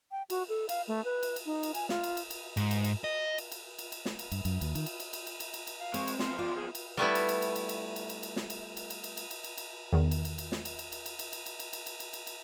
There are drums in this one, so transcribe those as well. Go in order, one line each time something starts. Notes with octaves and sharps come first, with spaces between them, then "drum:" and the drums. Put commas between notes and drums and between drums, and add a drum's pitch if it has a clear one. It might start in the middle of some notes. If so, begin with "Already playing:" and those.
G5
F#4, drum: cymbal
A4
F5, drum: cymbal
A3
B4
drum: cymbal
drum: cymbal
D#4
drum: cymbal
G#5, drum: cymbal
F4, drum: snare
drum: cymbal
drum: cymbal
drum: cymbal
G#2, drum: cymbal
drum: cymbal
drum: cymbal
D#5
drum: cymbal
drum: cymbal
drum: cymbal
drum: cymbal
drum: snare
drum: cymbal
G2, drum: cymbal
F#2, drum: cymbal
D#2, drum: cymbal
D#3, drum: cymbal
drum: cymbal
drum: cymbal
drum: cymbal
drum: cymbal
drum: cymbal
drum: cymbal
drum: cymbal
F5
G#3 C4 C#6, drum: cymbal
drum: cymbal
E2 F3 C5 C6, drum: snare
F4 D5
G#4
drum: cymbal
G3 A3 B3 E4
drum: cymbal
drum: cymbal
drum: cymbal
drum: cymbal
drum: cymbal
drum: cymbal
drum: cymbal
drum: cymbal
drum: snare
drum: cymbal
drum: cymbal
drum: cymbal
drum: cymbal
drum: cymbal
drum: cymbal
drum: cymbal
drum: cymbal
E2 D#3
drum: cymbal
drum: cymbal
drum: cymbal
drum: snare
drum: cymbal
drum: cymbal
drum: cymbal
drum: cymbal
drum: cymbal
drum: cymbal
drum: cymbal
drum: cymbal
drum: cymbal
drum: cymbal
drum: cymbal
drum: cymbal
drum: cymbal